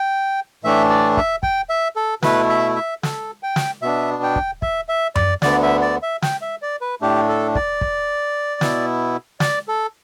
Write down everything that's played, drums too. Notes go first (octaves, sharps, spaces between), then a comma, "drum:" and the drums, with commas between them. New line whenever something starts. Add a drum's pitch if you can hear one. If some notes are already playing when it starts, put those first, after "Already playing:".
Already playing: G5
A2 E3 A3 D4 E5
D5
E5, drum: kick
G5, drum: kick
E5
A4
B2 A3 E4 B4, drum: snare
E5
E5
A4, drum: snare
G5
drum: snare
B2 B3 D4 E5
G5
drum: kick
E5, drum: kick
E5
D5, drum: tom F#2
D2 D3 B3 D5, drum: snare
E5
D5
E5
G5, drum: snare
E5
D5
B4
A2 A3 D4 G4
A4
D5, drum: kick
drum: kick
B2 B3 E4, drum: snare
D5, drum: snare
A4